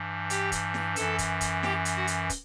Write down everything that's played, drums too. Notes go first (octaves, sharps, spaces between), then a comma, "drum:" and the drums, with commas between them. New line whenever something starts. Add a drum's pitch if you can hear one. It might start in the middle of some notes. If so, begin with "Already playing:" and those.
Already playing: G2 E3
G4 G5, drum: hi-hat
drum: kick, hi-hat
drum: snare
F#2 E3 A4 A5, drum: hi-hat
drum: kick, hi-hat
drum: kick, hi-hat
G4 G5, drum: snare
drum: hi-hat
F#4 F#5
drum: hi-hat
drum: kick, hi-hat